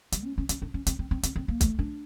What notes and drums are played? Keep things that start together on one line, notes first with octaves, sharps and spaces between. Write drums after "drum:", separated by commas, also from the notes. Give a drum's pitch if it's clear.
G3, drum: hi-hat
C#4
C#4
C#4, drum: hi-hat
D4
C#4
C4, drum: hi-hat
C4
C4
C4, drum: hi-hat
C4
A#3
A3, drum: kick B1, hi-hat
D4